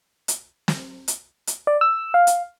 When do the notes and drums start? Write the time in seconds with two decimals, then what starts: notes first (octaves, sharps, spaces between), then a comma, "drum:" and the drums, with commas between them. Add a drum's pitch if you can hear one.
0.28 drum: hi-hat
0.68 drum: snare
1.08 drum: hi-hat
1.47 drum: hi-hat
1.67 D5
1.81 E6
2.14 F5
2.27 drum: hi-hat